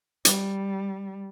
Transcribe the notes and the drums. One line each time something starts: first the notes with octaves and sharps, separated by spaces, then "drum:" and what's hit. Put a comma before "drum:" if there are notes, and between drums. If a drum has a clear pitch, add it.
G3, drum: hi-hat